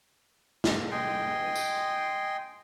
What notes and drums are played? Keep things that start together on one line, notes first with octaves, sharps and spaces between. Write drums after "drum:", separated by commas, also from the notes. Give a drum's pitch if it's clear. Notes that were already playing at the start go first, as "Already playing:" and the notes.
drum: snare
D#5 G5 G#5 C6
drum: tambourine